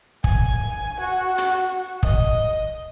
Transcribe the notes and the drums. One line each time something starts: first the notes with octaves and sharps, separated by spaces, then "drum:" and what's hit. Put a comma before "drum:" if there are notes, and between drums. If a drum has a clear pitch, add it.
G#5, drum: kick
F#4
drum: hi-hat
D#5, drum: kick